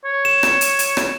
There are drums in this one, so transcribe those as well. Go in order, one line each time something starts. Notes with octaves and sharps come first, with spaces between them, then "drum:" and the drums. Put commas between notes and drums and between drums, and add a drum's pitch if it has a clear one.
C#5
E7
drum: rim click
drum: hi-hat
drum: hi-hat
drum: rim click